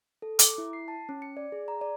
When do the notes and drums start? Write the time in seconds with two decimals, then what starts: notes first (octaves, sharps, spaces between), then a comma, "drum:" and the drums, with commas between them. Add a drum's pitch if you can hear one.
0.22 A4
0.39 D6, drum: hi-hat
0.58 E4
0.73 C7
0.88 A5
1.09 C#4
1.22 C#7
1.37 D5
1.52 G#4
1.68 A#5
1.81 D5